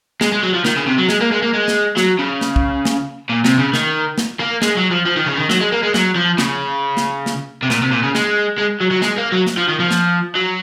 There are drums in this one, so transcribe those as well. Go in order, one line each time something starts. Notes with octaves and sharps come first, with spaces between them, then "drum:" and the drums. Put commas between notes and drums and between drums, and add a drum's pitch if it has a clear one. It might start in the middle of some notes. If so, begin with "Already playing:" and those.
G#3, drum: snare
G#3
F#3
F3
D#3, drum: snare
C#3
C3
F#3
G#3, drum: snare
A#3
G#3
A#3
G#3
drum: snare
F#3, drum: snare
C#3
drum: snare
drum: kick
drum: snare
A#2
C3, drum: snare
C#3
D#3, drum: snare
drum: snare
A#3
G#3, drum: snare
F#3
F3
F3
D#3
C#3
D#3
F#3, drum: snare
G#3
A#3
G#3
F#3, drum: snare
F3
C#3, drum: snare
drum: snare
drum: snare
C3
A#2, drum: snare
C3
A#2
C#3
G#3, drum: snare
G#3
F#3
F#3
G#3, drum: snare
A#3
F#3
drum: snare
F3
D#3
F3
drum: snare
F#3